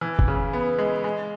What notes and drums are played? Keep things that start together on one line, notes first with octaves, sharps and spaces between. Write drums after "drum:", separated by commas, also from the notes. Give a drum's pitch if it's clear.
E3
drum: kick
C#3
B3
G#3
G#3